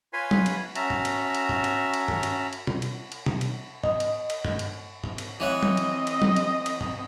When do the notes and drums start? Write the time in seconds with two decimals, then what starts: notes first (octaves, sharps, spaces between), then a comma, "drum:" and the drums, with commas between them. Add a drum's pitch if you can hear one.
0.13 F4 B4 C#5 G#5 B5 C6
0.31 drum: tom F#3
0.46 drum: cymbal
0.75 C#4 F#4 E5 A5 A#5, drum: cymbal
0.90 drum: tom G#2
1.05 drum: cymbal
1.35 drum: cymbal
1.49 drum: tom G#2
1.64 drum: cymbal
1.94 drum: cymbal
2.08 drum: tom G2
2.23 drum: cymbal
2.53 drum: cymbal
2.67 drum: tom B2
2.82 drum: cymbal
3.12 drum: cymbal
3.26 drum: tom B2
3.41 drum: cymbal
3.83 D#5, drum: tom G#2
4.00 drum: cymbal
4.30 drum: cymbal
4.45 drum: tom G2
4.59 drum: cymbal
5.04 drum: tom G#2
5.18 drum: cymbal
5.40 E3 C4 C#5 D#5 F#5
5.63 drum: tom F#3
5.77 drum: cymbal
6.07 drum: cymbal
6.22 drum: tom F#3
6.36 drum: cymbal
6.66 drum: cymbal
6.81 drum: tom G#2